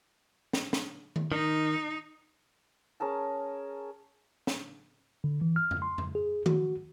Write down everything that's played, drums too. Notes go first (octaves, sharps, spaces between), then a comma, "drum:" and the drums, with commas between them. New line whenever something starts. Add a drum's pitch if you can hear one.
drum: snare
drum: snare
drum: tom D#3
D#3 D#4
C#4 G#4 A#4 A5
drum: snare
D3
E3
F6
drum: tom F2
C6
drum: tom F2
G#4
F#4, drum: tom D#3